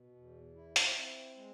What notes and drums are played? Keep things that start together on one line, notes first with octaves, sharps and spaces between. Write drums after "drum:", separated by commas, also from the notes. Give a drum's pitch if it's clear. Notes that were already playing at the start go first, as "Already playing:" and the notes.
Already playing: B2
E2
E4
drum: hi-hat
C4
G#3